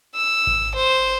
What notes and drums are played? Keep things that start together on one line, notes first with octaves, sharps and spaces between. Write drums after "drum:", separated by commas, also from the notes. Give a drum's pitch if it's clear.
E6
drum: kick G#1
C5